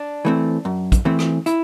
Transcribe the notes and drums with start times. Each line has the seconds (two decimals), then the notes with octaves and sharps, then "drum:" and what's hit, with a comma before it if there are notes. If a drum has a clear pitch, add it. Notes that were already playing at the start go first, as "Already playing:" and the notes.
Already playing: D4
0.25 E3 A3 C4
0.65 F#2
0.92 drum: kick, hi-hat
1.05 E3 A3 C4
1.19 drum: rim click
1.46 E4, drum: hi-hat